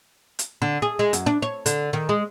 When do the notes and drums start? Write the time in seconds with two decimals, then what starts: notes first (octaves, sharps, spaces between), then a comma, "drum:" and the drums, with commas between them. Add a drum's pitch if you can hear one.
0.39 drum: hi-hat
0.62 D3
0.82 G#4
0.99 G#3
1.13 F#2, drum: hi-hat
1.26 D4
1.42 C#5
1.66 D3, drum: hi-hat
1.93 D#3
2.09 G#3